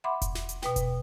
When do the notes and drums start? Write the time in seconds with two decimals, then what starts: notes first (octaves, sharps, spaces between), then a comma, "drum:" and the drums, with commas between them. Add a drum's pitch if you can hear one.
0.04 E5 F#5 B5 C6 D6
0.22 drum: kick E1, hi-hat
0.35 drum: snare
0.49 drum: hi-hat
0.62 B2 B4 G5, drum: snare
0.76 drum: kick E1, hi-hat